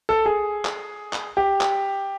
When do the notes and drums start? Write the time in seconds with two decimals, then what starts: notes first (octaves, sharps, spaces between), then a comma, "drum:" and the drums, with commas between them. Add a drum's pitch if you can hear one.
0.09 A4
0.26 G#4
0.65 drum: clap
1.13 drum: clap
1.37 G4
1.61 drum: clap